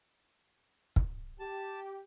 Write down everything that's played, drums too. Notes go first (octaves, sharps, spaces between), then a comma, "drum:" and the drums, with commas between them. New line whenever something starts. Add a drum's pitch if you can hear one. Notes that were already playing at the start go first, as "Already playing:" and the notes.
drum: kick
G4 A5